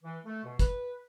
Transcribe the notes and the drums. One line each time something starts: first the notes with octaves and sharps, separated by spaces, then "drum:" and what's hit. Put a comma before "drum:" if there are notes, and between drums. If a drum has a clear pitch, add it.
E3
A3
B2
B4, drum: kick, hi-hat